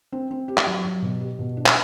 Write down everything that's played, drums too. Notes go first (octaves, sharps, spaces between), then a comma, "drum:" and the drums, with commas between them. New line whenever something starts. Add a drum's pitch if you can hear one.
C4
C4
G4
drum: clap
F#3
F#3
B2
G4
B2
D4
drum: clap